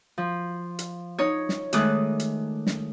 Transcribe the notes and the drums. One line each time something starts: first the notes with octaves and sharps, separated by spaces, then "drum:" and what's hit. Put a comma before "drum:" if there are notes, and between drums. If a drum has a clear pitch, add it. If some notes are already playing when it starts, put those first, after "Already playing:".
F3
drum: hi-hat
D#4 C#5
drum: snare
D#3 G#3 A3 G#4 D6 F#6, drum: hi-hat
drum: hi-hat
drum: snare